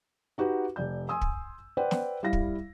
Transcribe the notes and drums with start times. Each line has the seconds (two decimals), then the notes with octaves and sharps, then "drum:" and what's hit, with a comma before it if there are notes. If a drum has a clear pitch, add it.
0.38 D#4 F#4 G4 B4 F#5
0.76 F1 D5 G6
1.09 G#5 C6 D#6 E6
1.21 drum: kick
1.77 B4 C5 D5 F#5 G5
1.91 drum: snare
2.23 G3 E4 F5 A#6
2.33 drum: kick